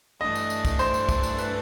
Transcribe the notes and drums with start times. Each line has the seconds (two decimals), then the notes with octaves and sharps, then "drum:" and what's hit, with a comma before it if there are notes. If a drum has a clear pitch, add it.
0.21 G2 E3 A3 D4 D#5
0.35 drum: tambourine
0.50 drum: tambourine
0.65 drum: kick, tambourine
0.79 C5, drum: tambourine
0.94 drum: tambourine
1.09 drum: kick, tambourine
1.23 drum: tambourine
1.39 B4, drum: tambourine